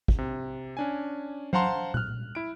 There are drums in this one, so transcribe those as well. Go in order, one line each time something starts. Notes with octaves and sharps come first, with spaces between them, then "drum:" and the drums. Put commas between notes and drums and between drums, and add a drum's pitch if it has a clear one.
drum: kick
C3
C#4 D4 G#5
C5 F5 F#5 A5 A#5 C6, drum: tom F#3
F6 F#6, drum: tom A#2
E4 D7